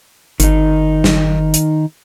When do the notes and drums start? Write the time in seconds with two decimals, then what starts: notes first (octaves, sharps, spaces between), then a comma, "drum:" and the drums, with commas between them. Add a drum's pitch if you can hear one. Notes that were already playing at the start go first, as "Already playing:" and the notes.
0.40 G1 D#3 D#4, drum: hi-hat
1.04 drum: snare
1.54 drum: hi-hat